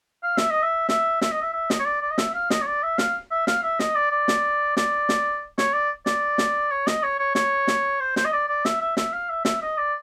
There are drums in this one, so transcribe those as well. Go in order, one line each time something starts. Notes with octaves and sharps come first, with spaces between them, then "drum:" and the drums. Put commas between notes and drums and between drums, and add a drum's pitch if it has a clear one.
F5
E5, drum: snare
D#5
E5
E5, drum: snare
E5, drum: snare
D#5
E5
E5
D#5, drum: snare
C#5
D5
D5
D#5
E5, drum: snare
F5
D#5, drum: snare
C#5
D5
E5
F5, drum: snare
E5
F5, drum: snare
E5
D#5, drum: snare
D5
D5
drum: snare
D5, drum: snare
drum: snare
C#5, drum: snare
D5
D5, drum: snare
drum: snare
C#5
D#5, drum: snare
C#5
C#5
C#5, drum: snare
drum: snare
C5
C5, drum: snare
D#5
D5
D5
E5, drum: snare
E5
E5, drum: snare
F5
E5
E5, drum: snare
D#5
D5